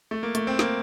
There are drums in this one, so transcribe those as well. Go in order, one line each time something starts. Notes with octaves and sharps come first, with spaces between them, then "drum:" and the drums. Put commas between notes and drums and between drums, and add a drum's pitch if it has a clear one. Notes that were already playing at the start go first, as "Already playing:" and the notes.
A3
A#3
A3, drum: hi-hat
C4
A#3, drum: snare